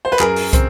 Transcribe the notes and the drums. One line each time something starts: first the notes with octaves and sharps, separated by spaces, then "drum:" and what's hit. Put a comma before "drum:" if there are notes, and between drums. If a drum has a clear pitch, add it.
C5
B4
F#2 G#4 A#4, drum: clap
drum: open hi-hat
C4, drum: kick, hi-hat